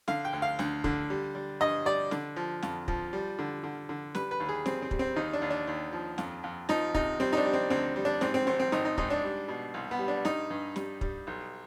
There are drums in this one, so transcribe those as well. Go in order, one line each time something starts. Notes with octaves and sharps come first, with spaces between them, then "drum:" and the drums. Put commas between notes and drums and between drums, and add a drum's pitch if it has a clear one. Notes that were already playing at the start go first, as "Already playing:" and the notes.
D3 F5, drum: snare
G5
D2
F5
D2, drum: snare
D3, drum: kick
G3
G3
G2 D#5
G3 D5
D3, drum: snare
F3
F2, drum: snare
F3, drum: kick
G3
D3
D3
D3
G3 B4, drum: snare
B4
D#2
G#4
G3 C4, drum: snare
C4
G3, drum: kick
C4
D#2 D#4
D4
D#2
D4
D#2
F3
F2, drum: snare
F2
F3 D#4, drum: snare
C3 D#4, drum: kick
G3 C4
D#4
D4
G3
C4
D2 C4
G3
D4
G#2 C4, drum: snare
C4
G#1 C4
C4
G#1 D#4, drum: snare
D#4
G#2 D#4, drum: kick
D4
G3
B2
C2
B3
G3
D4
G2 D#4, drum: snare
G2
G3, drum: snare
G3, drum: kick
B1